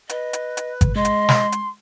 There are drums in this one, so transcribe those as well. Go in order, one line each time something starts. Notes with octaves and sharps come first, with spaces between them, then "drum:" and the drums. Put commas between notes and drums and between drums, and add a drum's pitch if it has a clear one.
B4 D#5, drum: hi-hat
drum: hi-hat
drum: hi-hat
drum: kick G#1, hi-hat
G#3 D#5 C6
drum: hi-hat
drum: snare
drum: hi-hat